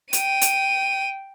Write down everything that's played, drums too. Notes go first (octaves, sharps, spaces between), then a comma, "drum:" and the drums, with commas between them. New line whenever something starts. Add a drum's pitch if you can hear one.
G5 D#7, drum: hi-hat
drum: hi-hat